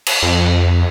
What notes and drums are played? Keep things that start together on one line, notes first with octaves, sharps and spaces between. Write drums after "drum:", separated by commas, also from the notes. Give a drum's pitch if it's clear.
drum: cymbal
F2